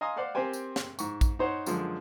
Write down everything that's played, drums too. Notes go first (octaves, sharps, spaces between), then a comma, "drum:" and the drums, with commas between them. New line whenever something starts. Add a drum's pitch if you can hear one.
D#5 F5 G#5 A#5 C6 D#6
C5 D5 F5 F#5 C6
C4 G4 A#4 C5 G5 G#5
drum: tambourine
drum: snare
G#2 C#6, drum: tambourine
drum: kick, tambourine
D#4 C5 C#5 F#5
F#2 D3 F3 G#3, drum: tambourine